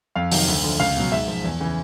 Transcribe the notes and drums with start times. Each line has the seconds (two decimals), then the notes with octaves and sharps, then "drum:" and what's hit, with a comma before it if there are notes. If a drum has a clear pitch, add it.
0.16 F2 F5
0.31 C3 D#3 F#3, drum: open hi-hat
0.48 D2
0.63 D3 F3
0.80 C#2 F5
0.96 B2 F#3
1.11 G#2 E5
1.28 F3
1.44 E2
1.60 C#3 E3